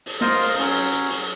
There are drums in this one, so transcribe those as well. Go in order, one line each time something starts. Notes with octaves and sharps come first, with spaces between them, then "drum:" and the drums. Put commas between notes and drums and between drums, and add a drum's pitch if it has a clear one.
drum: open hi-hat
F4 A#4 C5 D#5 F5, drum: snare
drum: open hi-hat
F#3 C#4, drum: open hi-hat
drum: hi-hat
drum: hi-hat
drum: open hi-hat